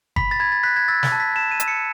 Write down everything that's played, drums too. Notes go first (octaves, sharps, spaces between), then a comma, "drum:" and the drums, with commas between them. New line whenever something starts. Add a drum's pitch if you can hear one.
B5 B6, drum: kick G1
A6
B5 G#6
A6
F#6 B6
G#6
E6 A6
drum: snare
A5
B6
A5 E7
D#7
E6, drum: hi-hat
C#7